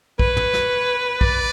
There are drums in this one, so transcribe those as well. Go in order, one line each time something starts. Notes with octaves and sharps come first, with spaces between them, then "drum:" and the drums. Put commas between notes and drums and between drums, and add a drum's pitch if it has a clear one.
B4 C#5, drum: kick
drum: tom
drum: snare
D5, drum: kick